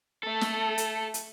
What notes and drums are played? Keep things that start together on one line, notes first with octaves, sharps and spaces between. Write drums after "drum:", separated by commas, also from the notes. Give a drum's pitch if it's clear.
A3 A4
drum: snare
drum: hi-hat
drum: hi-hat